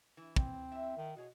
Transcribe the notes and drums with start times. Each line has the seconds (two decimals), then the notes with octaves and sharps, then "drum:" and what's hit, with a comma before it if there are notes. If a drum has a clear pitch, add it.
0.17 E3
0.36 C4, drum: kick
0.72 E2 E4 E5
0.97 D#3
1.16 B2 F#4 G#4 C#5